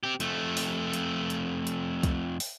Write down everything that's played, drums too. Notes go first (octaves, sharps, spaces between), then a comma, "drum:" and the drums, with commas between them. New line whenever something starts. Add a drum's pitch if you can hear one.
C4 G4
F2 A3, drum: hi-hat
drum: open hi-hat
drum: hi-hat
drum: hi-hat
drum: hi-hat
drum: kick C2, hi-hat
drum: open hi-hat